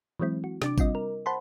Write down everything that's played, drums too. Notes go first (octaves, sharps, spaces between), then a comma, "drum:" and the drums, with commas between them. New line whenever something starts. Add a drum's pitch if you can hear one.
E3 F#3 G#3 C4 E4
F#4
C3 D4 D6, drum: snare
G3 C4 F4 D#5, drum: kick G#1, tambourine
A#4
C5 F#5 A5 B5 C6